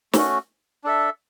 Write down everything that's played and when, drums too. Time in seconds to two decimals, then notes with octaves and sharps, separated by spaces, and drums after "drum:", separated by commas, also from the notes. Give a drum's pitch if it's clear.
0.13 A3 C#4 F#4, drum: snare
0.84 D4 A4 E5